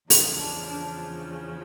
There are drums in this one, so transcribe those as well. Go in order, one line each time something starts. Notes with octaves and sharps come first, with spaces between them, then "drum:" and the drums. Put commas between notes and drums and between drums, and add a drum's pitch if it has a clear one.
E2 C#3 F3 D#4, drum: open hi-hat
D4
D4